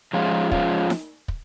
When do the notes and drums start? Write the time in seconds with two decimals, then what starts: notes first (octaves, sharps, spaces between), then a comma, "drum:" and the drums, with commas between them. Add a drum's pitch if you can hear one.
0.13 F3 G#3 C#4 F4
0.52 F3 G#3 C#4 F4, drum: kick
0.90 drum: snare D#4
1.28 drum: kick